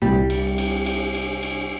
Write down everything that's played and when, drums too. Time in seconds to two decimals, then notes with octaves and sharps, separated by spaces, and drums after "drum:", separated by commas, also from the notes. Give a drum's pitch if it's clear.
0.02 C2 G3
0.30 drum: cymbal
0.58 drum: cymbal
0.86 drum: cymbal
1.15 drum: cymbal
1.43 drum: cymbal